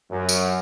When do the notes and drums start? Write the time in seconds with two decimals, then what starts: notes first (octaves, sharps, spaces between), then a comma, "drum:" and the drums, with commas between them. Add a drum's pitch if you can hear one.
0.11 F#2
0.29 drum: tambourine